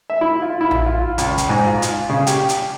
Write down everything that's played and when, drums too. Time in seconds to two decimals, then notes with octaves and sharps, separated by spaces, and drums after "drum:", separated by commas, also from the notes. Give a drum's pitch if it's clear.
0.10 E5
0.21 E4
0.42 F4
0.61 E4
0.71 drum: tom A#1
0.86 F4
1.18 C#2, drum: hi-hat
1.38 drum: kick, hi-hat
1.49 G#2
1.67 F4
1.82 drum: hi-hat
2.09 C#3
2.27 G4, drum: hi-hat
2.49 drum: hi-hat